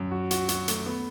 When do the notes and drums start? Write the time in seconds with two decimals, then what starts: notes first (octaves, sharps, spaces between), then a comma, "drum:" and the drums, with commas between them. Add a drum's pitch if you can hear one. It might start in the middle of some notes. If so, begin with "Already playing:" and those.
Already playing: F#2
0.11 F#4
0.31 F#4, drum: hi-hat
0.49 F#4, drum: hi-hat
0.68 A3, drum: hi-hat
0.86 B3